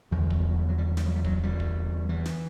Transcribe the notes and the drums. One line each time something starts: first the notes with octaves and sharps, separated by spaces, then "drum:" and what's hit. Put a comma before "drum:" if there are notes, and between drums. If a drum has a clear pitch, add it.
E2 D3 F#3
G3
F#3, drum: kick
G3
F#3
G3
F#3
G3
F#3
G3, drum: snare
F#3
G3
F#3, drum: kick
G3
drum: kick
E3
drum: snare